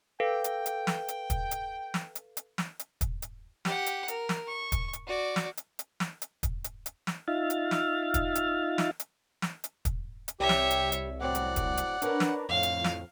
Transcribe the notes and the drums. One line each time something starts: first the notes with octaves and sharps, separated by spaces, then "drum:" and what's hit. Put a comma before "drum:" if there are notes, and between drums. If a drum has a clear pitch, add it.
A4 B4 F5 G5
drum: hi-hat
drum: hi-hat
drum: snare
drum: hi-hat
drum: kick, hi-hat
drum: hi-hat
drum: snare
drum: hi-hat
drum: hi-hat
drum: snare
drum: hi-hat
drum: kick, hi-hat
drum: hi-hat
G4 F#5, drum: snare
drum: hi-hat
A#4, drum: hi-hat
drum: snare
C#6
drum: kick, hi-hat
drum: hi-hat
F#4 D5
drum: snare
drum: hi-hat
drum: hi-hat
drum: snare
drum: hi-hat
drum: kick, hi-hat
drum: hi-hat
drum: hi-hat
drum: snare
D#4 F4 E5 F5 F6 A6
drum: hi-hat
drum: snare
drum: kick, hi-hat
drum: hi-hat
drum: snare
drum: hi-hat
drum: snare
drum: hi-hat
drum: kick, hi-hat
drum: hi-hat
C2 G3 G4 C#5 E5
drum: snare
drum: hi-hat
drum: hi-hat
A2 F#3 C4 D5 F#5
drum: hi-hat
drum: kick, hi-hat
drum: hi-hat
D4 A#4 B4 C#5, drum: hi-hat
drum: snare
F2 A2 D3 F5
drum: hi-hat
drum: snare